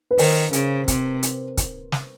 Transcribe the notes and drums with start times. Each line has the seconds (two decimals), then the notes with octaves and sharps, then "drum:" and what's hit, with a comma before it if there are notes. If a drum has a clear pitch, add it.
0.11 B4
0.18 D#3 A#4 C5, drum: open hi-hat
0.53 C#3, drum: hi-hat
0.88 C3, drum: kick, hi-hat
1.23 drum: hi-hat
1.57 drum: kick, hi-hat
1.92 drum: snare